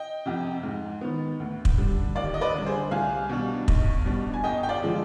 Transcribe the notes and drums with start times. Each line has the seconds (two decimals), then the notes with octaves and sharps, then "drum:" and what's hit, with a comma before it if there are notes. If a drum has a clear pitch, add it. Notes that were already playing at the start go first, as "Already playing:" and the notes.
Already playing: D#5 G5
0.26 F2 C3
0.63 G#2
1.01 D#3 B3
1.40 D2
1.65 drum: kick
1.78 D3 G3 D4
2.15 D#2 D5 F5
2.34 D#5
2.41 B4 D5
2.54 D3 G3
2.66 G#4 C5
2.91 C2 F5 G#5
3.29 B2 G3 D4
3.68 B1, drum: kick
4.05 B2 G3 D4
4.34 G#5
4.44 G1 D#5 G5
4.63 G5
4.69 D5 F5
4.82 D3 F3 G#3